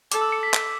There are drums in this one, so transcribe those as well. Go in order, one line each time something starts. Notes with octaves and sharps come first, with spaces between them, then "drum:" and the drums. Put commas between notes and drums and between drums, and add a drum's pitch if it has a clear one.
A4 D6, drum: hi-hat
E6
C#7
B6
drum: clap